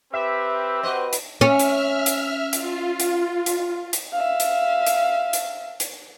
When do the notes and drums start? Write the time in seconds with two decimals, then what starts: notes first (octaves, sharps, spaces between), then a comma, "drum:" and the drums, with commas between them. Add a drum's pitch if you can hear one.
0.13 C4 G4 B4 E5
0.83 F#4 B4 C5 D#5
1.13 drum: hi-hat
1.41 C#4 E5 F6
1.59 drum: hi-hat
2.06 drum: hi-hat
2.53 F4, drum: hi-hat
3.00 drum: hi-hat
3.46 drum: hi-hat
3.93 drum: hi-hat
4.13 E5 F5
4.40 drum: hi-hat
4.87 drum: hi-hat
5.33 drum: hi-hat
5.80 drum: hi-hat